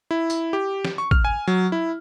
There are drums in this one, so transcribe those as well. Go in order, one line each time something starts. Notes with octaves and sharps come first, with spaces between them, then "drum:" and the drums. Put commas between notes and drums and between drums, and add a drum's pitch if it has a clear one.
E4
drum: tambourine
G4
drum: snare
C#6
F6, drum: kick A1
G#5
F#3
E4